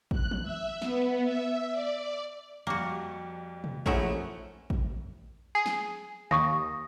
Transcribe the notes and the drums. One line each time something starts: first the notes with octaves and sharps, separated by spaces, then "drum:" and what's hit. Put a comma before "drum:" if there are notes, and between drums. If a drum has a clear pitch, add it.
F#6, drum: kick A1
drum: tom
E5
B3, drum: snare
E5
D5
F2 G3 A#3 F#4
drum: tom
A#1 A3 C#4 D#4 E4 E5 F#5, drum: kick A1
drum: kick A1
G#4
drum: snare
D#2 C#6 D#6 A#6